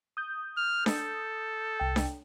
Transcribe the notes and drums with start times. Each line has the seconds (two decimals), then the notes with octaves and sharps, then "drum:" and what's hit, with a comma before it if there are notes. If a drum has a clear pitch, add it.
0.17 D#6 G6
0.58 F6
0.86 A4, drum: snare D4
1.80 C2 G5
1.96 drum: snare D4